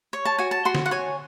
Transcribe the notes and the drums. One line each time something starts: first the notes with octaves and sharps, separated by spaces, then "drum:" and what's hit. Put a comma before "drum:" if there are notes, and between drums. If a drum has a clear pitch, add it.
C#5
A5
F#4 G#5
A5
F#4 C6
drum: snare D3
F#5
C#5 G#5